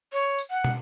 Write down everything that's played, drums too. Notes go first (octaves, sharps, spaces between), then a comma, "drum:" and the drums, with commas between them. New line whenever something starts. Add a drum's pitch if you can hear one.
C#5
drum: tambourine
F#5
drum: tom